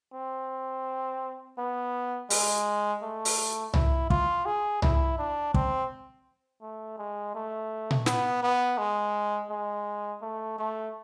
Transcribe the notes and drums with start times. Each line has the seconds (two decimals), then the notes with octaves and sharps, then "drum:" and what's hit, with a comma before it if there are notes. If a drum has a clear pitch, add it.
0.14 C4
1.58 B3
2.30 G#3, drum: open hi-hat
3.02 A3
3.25 drum: open hi-hat
3.74 E4, drum: tom C2
4.10 F4, drum: kick
4.46 G#4
4.82 E4, drum: tom C2
5.18 D4
5.54 C4, drum: kick
6.62 A3
6.98 G#3
7.35 A3
7.91 drum: tom A#2
8.06 B3, drum: snare
8.43 B3
8.78 G#3
9.50 G#3
10.22 A3
10.59 A3